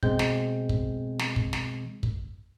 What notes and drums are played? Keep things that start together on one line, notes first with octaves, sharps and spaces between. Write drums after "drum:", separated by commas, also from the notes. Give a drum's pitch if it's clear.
B2 G#3 C4 G6, drum: kick
drum: snare
drum: kick
drum: snare
drum: kick
drum: snare
drum: kick